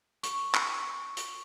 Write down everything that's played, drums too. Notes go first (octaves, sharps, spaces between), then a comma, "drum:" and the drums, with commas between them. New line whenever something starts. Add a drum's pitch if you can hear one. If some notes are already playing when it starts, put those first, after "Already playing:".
C#6, drum: hi-hat
drum: clap
drum: hi-hat